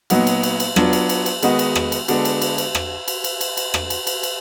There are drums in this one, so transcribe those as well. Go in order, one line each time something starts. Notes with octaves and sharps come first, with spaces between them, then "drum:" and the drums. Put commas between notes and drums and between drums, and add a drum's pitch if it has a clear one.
A#2 F#3 B3 D#4 F#4, drum: cymbal
drum: cymbal
drum: cymbal
drum: cymbal
F#3 B3 D4 F4, drum: rim click
drum: cymbal
drum: cymbal
drum: cymbal
D#3 G#3 B3 D#4 F#4, drum: cymbal
drum: cymbal
drum: rim click
drum: cymbal
D3 G#3 B3 D4 F#4, drum: cymbal
drum: cymbal
drum: cymbal
drum: cymbal
drum: rim click
drum: cymbal
drum: cymbal
drum: cymbal
drum: cymbal
drum: rim click
drum: cymbal
drum: cymbal
drum: cymbal